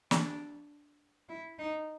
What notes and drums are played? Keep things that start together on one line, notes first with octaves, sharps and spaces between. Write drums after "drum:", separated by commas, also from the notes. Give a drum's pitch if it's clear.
D4, drum: snare
E4
D#4